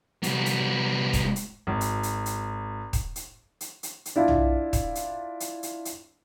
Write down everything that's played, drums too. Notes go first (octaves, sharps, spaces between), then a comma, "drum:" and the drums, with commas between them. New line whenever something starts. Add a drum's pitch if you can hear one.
C2 B3, drum: hi-hat
drum: hi-hat
drum: kick D#1, hi-hat
drum: hi-hat
G#1
drum: hi-hat
drum: hi-hat
drum: hi-hat
drum: kick D#1, hi-hat
drum: hi-hat
drum: hi-hat
drum: hi-hat
drum: hi-hat
D4 E4 F4
drum: tom B1
drum: kick D#1, hi-hat
drum: hi-hat
drum: hi-hat
drum: hi-hat
drum: hi-hat